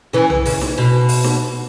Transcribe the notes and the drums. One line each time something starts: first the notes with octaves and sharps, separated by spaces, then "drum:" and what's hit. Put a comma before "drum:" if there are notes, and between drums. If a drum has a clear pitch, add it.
C#3 E3
drum: tom B1
C#3, drum: open hi-hat
drum: snare
B2
drum: open hi-hat
drum: snare